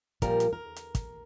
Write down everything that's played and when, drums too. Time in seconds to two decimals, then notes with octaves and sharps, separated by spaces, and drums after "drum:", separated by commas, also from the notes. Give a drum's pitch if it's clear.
0.22 A#2 F3 G3 A#4, drum: kick, hi-hat
0.40 drum: hi-hat
0.53 A#4
0.76 drum: hi-hat
0.95 drum: kick, hi-hat